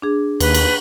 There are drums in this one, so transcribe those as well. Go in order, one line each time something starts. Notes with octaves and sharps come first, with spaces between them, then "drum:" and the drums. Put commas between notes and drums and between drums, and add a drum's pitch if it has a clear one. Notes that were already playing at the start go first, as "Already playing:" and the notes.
D4 G#4
D#2 B4, drum: cymbal
drum: cymbal